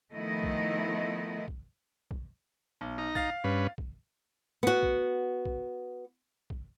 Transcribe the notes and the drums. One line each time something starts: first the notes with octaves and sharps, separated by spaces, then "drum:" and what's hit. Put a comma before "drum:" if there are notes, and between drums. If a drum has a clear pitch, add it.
D#3 F3 A3 B3 E4 D#5
drum: kick
drum: kick
drum: kick
B1
D#4 A#5
F5 A6, drum: kick
G2 C#4 B4
drum: kick
B3 F#4
drum: kick
drum: kick
drum: kick